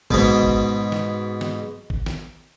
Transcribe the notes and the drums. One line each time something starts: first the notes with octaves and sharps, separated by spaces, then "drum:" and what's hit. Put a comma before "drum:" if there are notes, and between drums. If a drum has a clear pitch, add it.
G#2 B2, drum: kick A1
drum: kick A1
drum: snare
drum: snare
drum: kick A1
drum: snare